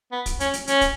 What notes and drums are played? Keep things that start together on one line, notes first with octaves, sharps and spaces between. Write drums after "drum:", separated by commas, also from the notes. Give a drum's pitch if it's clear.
B3
drum: kick, hi-hat
C#4, drum: hi-hat
drum: hi-hat
C#4, drum: hi-hat
drum: kick, hi-hat